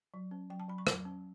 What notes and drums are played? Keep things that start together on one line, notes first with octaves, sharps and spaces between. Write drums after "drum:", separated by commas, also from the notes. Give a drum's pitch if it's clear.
F#3
C#4
F#3 G5
A5
F#3 B5
C#6
F#3 D6, drum: rim click
C#4